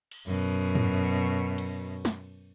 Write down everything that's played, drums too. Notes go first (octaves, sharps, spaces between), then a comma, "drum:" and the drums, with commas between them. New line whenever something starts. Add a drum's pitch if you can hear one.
drum: cymbal
F#2 B2
drum: tom
drum: cymbal
drum: snare